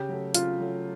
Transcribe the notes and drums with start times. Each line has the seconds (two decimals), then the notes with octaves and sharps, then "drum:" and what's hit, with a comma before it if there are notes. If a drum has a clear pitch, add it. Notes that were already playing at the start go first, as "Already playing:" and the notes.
Already playing: C#3 G4
0.09 F#3 A3
0.34 C#3 F4, drum: hi-hat
0.60 F#3 A3